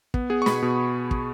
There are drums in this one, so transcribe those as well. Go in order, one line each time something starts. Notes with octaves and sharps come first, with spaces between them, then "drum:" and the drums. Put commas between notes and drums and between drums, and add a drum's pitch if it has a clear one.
B3, drum: kick
B3 G#4
C#6
B2 B5, drum: snare
B2
drum: kick